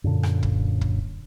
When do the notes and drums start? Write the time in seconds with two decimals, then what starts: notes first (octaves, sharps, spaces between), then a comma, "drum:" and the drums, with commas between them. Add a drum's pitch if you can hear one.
0.04 F#2 A#2 D3
0.23 drum: rim click
0.43 drum: kick
0.81 drum: kick